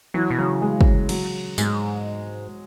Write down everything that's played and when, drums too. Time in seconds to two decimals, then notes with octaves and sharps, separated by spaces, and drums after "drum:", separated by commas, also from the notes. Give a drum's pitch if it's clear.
0.14 E3 F#3
0.31 B2
0.38 C#3 F#3
0.62 G#3
0.81 drum: kick
1.09 F#3, drum: cymbal
1.58 G#2 G#3, drum: tambourine